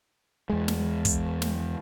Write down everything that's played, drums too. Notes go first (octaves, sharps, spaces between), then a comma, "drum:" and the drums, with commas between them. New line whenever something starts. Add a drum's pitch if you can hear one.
E2 G#3
drum: snare
drum: kick, hi-hat
drum: snare